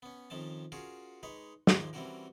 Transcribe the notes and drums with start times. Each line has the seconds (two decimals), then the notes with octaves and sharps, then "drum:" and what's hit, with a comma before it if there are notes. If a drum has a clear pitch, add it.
0.02 B3 C#4
0.30 F2 D#3 F3 C#4 A5
0.72 C#4 F4 F#4 G#4 A#4
1.23 G#3 D#4 B4 C#5
1.67 D#3 F3 G#3 A#3, drum: snare
1.93 E3 G3 C4 C#4 F#4 A#4